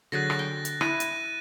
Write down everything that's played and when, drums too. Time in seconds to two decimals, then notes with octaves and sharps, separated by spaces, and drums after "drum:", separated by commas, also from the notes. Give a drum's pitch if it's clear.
0.12 D3 F#3 G#4 F#6 A6 A#6
0.30 drum: rim click
0.39 G5
0.65 drum: hi-hat
0.81 E4 F#6 D#7, drum: rim click
1.00 drum: hi-hat